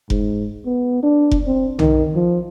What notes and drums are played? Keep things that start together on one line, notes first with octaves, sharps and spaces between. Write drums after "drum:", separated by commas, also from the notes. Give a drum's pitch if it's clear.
G#2, drum: kick F1
B3
D4
drum: kick F1
C4
D#3, drum: tom B1
F3